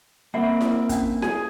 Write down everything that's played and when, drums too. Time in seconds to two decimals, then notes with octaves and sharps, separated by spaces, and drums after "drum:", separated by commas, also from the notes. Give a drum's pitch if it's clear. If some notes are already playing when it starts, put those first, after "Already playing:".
0.34 A#3 C4 E5 F#5 B5
0.61 drum: snare E4
0.70 B4
0.89 C#4 D4 F5, drum: kick, hi-hat
1.22 G#4, drum: snare E4